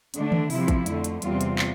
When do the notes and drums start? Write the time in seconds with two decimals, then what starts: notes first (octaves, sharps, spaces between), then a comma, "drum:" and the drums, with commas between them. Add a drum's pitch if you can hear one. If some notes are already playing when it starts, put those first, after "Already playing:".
0.14 D3 A3 D4, drum: hi-hat
0.32 drum: tom D#3
0.50 C3 F3 C4 E4, drum: open hi-hat
0.68 drum: kick A1, hi-hat
0.86 F2 D3 A3, drum: hi-hat
1.04 drum: hi-hat
1.22 E2 C3 G3 C4 F4, drum: hi-hat
1.41 drum: hi-hat
1.59 drum: clap